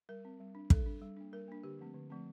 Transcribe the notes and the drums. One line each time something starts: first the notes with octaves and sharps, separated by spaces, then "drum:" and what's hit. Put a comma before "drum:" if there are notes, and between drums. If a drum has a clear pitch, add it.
G3 A#4
C4
G3
D4
G3 A4, drum: kick
D4
G3
A#3 D4
G3 A#4
A#3 D4
D3 G4
F3 A3 C4
D3
F3 A3 C4